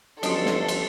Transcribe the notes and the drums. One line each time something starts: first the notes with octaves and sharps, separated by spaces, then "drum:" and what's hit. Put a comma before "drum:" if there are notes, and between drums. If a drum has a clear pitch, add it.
G1 F3 F#3 C#4 F#4 A4 C#5 C6, drum: cymbal
drum: snare
drum: cymbal